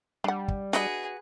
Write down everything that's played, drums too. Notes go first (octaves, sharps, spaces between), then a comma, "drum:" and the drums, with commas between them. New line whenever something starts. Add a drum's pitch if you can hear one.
G3 D4 F#5
drum: kick
D4 F#4 G#4 B4 D#5, drum: snare